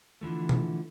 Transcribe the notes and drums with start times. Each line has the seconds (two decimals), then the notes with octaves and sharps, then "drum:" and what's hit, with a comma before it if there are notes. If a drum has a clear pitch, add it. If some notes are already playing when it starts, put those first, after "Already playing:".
0.21 D3 E3 F3 A3
0.49 drum: tom